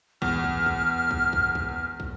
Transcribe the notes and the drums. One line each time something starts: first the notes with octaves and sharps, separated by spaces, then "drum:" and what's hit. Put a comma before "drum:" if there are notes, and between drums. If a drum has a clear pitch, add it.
E2 F6, drum: kick
drum: kick
drum: kick
drum: kick
drum: kick
drum: kick
drum: kick